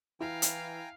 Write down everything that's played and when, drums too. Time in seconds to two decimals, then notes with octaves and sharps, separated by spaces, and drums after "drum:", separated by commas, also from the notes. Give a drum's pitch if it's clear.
0.20 E3 E4 F5 G5 G#5 A#5
0.42 drum: hi-hat